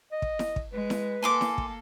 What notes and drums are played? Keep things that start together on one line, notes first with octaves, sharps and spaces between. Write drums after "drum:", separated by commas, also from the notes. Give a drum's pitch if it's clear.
D#5
drum: kick
drum: snare E4
drum: kick
G#3 B4
drum: snare E4
A#3 A4 G#5 C6 D6
drum: snare E4
drum: kick